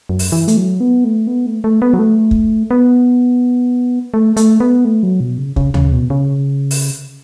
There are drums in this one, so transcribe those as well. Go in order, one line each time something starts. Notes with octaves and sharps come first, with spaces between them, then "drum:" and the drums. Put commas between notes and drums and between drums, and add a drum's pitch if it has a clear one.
F#2
drum: open hi-hat
E3
A3, drum: hi-hat
F#3
B3
A3
B3
A3
A3
B3
F#3
A3
drum: kick
B3
A3
A3, drum: hi-hat
B3
A3
F#3
B2
C#3
C#3, drum: kick
C#3, drum: tom D2
B2
C#3
drum: open hi-hat